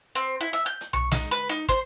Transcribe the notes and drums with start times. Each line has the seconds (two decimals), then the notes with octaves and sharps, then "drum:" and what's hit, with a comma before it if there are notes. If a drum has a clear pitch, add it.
0.15 C4
0.41 E4
0.53 E5, drum: hi-hat
0.66 G6
0.81 drum: hi-hat
0.93 C#6, drum: tom B1
1.12 D#4, drum: snare
1.31 B4
1.49 D#4
1.69 C5, drum: kick, hi-hat